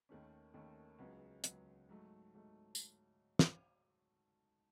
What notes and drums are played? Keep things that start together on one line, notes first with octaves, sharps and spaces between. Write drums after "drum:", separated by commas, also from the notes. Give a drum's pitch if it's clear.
D#2 D#3 A3 C#4
D#2 D#3 A3 C#4
C#2 C#3 F#3 B3
C#2 C#3 F#3 B3, drum: hi-hat
G#2 F#3 A3
G#2 F#3 A3
drum: tambourine
drum: snare